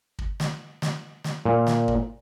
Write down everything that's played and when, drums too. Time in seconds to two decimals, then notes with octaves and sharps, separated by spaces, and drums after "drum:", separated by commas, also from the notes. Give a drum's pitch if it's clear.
0.19 drum: kick
0.40 drum: snare
0.82 drum: snare
1.24 drum: snare
1.45 A#2
1.67 drum: snare
1.88 drum: kick